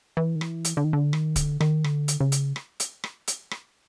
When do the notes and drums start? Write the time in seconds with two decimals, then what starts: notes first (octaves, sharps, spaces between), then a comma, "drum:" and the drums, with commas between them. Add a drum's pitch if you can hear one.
0.17 E3
0.36 D#3
0.41 E3, drum: rim click
0.64 drum: hi-hat
0.77 D3
0.84 D#3
0.93 D3
1.13 D#3, drum: rim click
1.36 D3, drum: kick D1, hi-hat
1.61 D#3, drum: rim click
1.84 D3, drum: rim click
2.08 drum: hi-hat
2.20 C#3
2.32 drum: hi-hat
2.56 drum: rim click
2.80 drum: hi-hat
3.04 drum: rim click
3.27 drum: hi-hat
3.51 drum: rim click